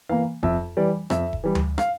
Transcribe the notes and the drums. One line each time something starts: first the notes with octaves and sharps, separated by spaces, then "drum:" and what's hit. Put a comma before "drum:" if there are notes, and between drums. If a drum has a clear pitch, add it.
E3 A#3 F5
F2 E5, drum: kick E1
E3 G3 D5
F2 E5, drum: rim click
drum: kick E1
E3 G3
drum: tom D2
F5, drum: rim click